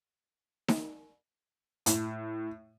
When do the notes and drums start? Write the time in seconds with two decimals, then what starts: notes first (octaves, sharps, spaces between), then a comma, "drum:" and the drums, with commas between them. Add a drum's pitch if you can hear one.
0.68 drum: snare D#4
1.86 A2, drum: hi-hat